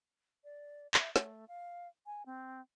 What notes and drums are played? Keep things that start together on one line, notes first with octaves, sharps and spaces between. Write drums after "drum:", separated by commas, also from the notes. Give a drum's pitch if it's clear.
D5
E5, drum: clap
A3, drum: snare
F5
G#5
C4